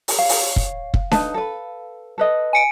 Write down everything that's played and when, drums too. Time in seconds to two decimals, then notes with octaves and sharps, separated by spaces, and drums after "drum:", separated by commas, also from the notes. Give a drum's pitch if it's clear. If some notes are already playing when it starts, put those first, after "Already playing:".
0.08 drum: open hi-hat
0.19 C#5 F5
0.29 drum: open hi-hat
0.56 drum: kick
0.94 drum: kick
1.11 D#4 B4 A5, drum: snare D4
1.34 A4 B4
2.18 A4 B4 D#5
2.53 G#5 C#7 D7